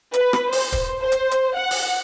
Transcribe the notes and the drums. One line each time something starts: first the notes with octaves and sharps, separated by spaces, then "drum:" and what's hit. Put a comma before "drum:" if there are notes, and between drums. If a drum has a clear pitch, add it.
B4, drum: hi-hat
drum: rim click
C5, drum: open hi-hat
drum: kick, hi-hat
C5
drum: hi-hat
drum: hi-hat
F#5
drum: open hi-hat